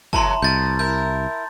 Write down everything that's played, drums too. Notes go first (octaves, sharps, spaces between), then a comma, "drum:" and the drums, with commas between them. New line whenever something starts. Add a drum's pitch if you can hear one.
A2 E3 F#3 A5 A#5 C6, drum: kick
C2 B2 G6 A6
E4 A#4 G6